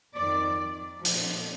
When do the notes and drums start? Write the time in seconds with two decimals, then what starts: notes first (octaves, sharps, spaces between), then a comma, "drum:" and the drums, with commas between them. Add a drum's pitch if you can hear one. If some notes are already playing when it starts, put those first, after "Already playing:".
0.16 F2 D#3 D5
1.00 F3
1.05 A#2, drum: hi-hat